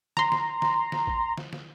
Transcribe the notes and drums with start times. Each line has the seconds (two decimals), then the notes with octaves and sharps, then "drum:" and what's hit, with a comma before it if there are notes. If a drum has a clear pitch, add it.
0.17 A#5 C6, drum: snare
0.32 drum: snare
0.62 drum: snare
0.92 drum: snare
1.07 drum: kick
1.38 drum: snare
1.53 drum: snare